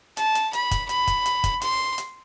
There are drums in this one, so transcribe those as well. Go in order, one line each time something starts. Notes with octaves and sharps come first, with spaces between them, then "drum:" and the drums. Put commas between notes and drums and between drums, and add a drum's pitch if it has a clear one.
A5, drum: hi-hat
drum: hi-hat
B5, drum: hi-hat
drum: kick, hi-hat
B5, drum: hi-hat
drum: kick, hi-hat
drum: hi-hat
drum: kick, hi-hat
C6, drum: hi-hat
drum: hi-hat